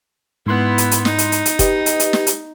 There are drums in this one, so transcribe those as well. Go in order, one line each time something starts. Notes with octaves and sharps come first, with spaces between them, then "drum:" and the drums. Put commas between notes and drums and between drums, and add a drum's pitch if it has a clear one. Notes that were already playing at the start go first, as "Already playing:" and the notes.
G#2 B3 E4 C6 F#6
drum: hi-hat
drum: hi-hat
D#4, drum: snare
drum: hi-hat
drum: hi-hat
drum: hi-hat
G4 B4 D#5, drum: kick F1, hi-hat
drum: hi-hat
drum: hi-hat
drum: snare
drum: hi-hat